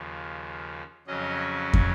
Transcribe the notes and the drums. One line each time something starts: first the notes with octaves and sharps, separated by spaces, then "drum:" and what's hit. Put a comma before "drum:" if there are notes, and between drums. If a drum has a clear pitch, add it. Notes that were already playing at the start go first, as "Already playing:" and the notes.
Already playing: D#2 C#3 F3
F2 C#3 F#3 C#4 D#5
drum: kick